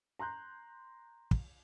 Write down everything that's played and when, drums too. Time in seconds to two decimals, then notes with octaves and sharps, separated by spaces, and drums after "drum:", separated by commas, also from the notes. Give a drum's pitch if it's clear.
0.19 A#5 C6 F#6 G6
1.31 drum: kick